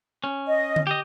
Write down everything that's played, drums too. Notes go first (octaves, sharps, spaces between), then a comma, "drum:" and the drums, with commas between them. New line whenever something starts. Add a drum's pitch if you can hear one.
C#4
D#5
drum: tom D3
G4 D#5